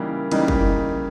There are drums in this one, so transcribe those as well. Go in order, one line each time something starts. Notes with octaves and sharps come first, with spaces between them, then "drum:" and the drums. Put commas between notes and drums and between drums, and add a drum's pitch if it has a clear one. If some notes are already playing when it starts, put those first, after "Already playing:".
Already playing: C#3 E3 G3 A#3 D#4
C#3 E3 G3 A#3 D#4, drum: cymbal
drum: kick